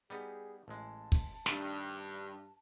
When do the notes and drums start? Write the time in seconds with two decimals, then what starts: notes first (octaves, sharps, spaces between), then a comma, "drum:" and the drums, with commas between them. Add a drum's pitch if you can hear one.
0.10 G3 B3 D#4 G#4
0.68 A1 G#3 A5
1.12 drum: kick
1.46 G2 D#3 A3, drum: snare